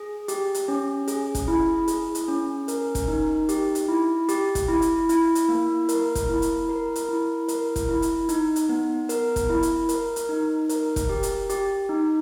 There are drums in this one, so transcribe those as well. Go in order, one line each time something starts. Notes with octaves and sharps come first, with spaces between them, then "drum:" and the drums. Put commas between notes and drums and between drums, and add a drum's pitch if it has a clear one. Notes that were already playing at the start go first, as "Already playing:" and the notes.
Already playing: G#4
G4, drum: hi-hat
drum: hi-hat
C#4
G#4, drum: hi-hat
drum: kick, hi-hat
E4
G#4, drum: hi-hat
drum: hi-hat
C#4
A#4, drum: hi-hat
drum: kick, hi-hat
D#4
G4, drum: hi-hat
drum: hi-hat
E4
G4, drum: hi-hat
drum: kick, hi-hat
E4
drum: hi-hat
E4, drum: hi-hat
drum: hi-hat
A#3
A#4, drum: hi-hat
drum: kick, hi-hat
E4
drum: hi-hat
A#4
drum: hi-hat
E4
A#4, drum: hi-hat
drum: kick, hi-hat
E4
drum: hi-hat
D#4, drum: hi-hat
drum: hi-hat
B3
A#4, drum: hi-hat
drum: kick, hi-hat
E4
drum: hi-hat
A#4, drum: hi-hat
drum: hi-hat
D#4
A#4, drum: hi-hat
drum: kick, hi-hat
G4
drum: hi-hat
G4, drum: hi-hat
D#4